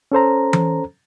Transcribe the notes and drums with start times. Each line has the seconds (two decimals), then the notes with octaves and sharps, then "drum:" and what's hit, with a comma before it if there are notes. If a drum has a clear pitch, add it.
0.12 C#4 A4 C5 A#5
0.53 drum: tom E3